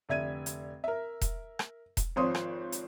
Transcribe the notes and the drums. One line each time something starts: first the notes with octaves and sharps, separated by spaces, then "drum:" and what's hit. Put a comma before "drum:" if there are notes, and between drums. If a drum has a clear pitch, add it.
F1 D3 E5 G#6 D#7
drum: hi-hat
A#4 E5
drum: kick E1, hi-hat
drum: rim click
drum: kick E1, hi-hat
G#1 F3 C4 C#5 C6 D#6
drum: rim click
drum: hi-hat